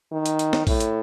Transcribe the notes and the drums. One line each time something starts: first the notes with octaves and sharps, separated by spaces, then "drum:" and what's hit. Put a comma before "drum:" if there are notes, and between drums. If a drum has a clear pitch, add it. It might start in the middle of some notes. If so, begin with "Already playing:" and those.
D#3
drum: hi-hat
drum: hi-hat
drum: snare
A2, drum: kick, open hi-hat
drum: hi-hat